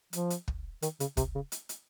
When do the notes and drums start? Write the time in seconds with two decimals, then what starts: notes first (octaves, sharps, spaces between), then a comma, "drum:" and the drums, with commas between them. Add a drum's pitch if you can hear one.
0.13 F3, drum: hi-hat
0.30 drum: hi-hat
0.48 drum: kick
0.82 D#3, drum: hi-hat
1.00 C#3, drum: hi-hat
1.17 C3, drum: kick, hi-hat
1.35 C#3
1.52 drum: hi-hat
1.69 drum: hi-hat